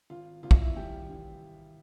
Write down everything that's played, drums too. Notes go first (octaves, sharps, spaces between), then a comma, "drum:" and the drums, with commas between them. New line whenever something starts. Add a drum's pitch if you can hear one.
G#1 F4
G#1 F4
E4, drum: kick
E4
G#1 G3 G4
E3